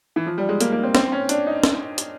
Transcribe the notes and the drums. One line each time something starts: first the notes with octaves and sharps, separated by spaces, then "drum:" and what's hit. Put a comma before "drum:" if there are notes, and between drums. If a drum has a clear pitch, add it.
E3
F3
G3
G#3
A#3, drum: hi-hat
A#3
C4
C4, drum: snare
C#4
D4, drum: hi-hat
D#4
drum: snare
drum: hi-hat